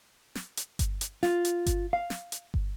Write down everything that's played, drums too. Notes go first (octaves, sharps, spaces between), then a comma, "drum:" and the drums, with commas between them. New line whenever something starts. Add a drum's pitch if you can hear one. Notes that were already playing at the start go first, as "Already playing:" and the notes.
drum: snare
drum: hi-hat
drum: kick G1, hi-hat
drum: hi-hat
F4, drum: snare
drum: hi-hat
drum: kick G1, hi-hat
F5
drum: snare
drum: hi-hat
drum: kick G1